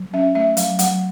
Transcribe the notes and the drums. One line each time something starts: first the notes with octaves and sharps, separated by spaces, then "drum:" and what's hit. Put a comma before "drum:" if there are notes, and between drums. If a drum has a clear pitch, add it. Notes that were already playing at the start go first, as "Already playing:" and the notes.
Already playing: F#3
C#4 E5
A3 E5
F#3 F5, drum: hi-hat
F#3 F#5, drum: hi-hat